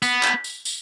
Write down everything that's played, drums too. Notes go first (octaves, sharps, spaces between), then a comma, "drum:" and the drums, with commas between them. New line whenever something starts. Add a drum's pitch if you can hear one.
B3, drum: tambourine
drum: clap
drum: tambourine
drum: tambourine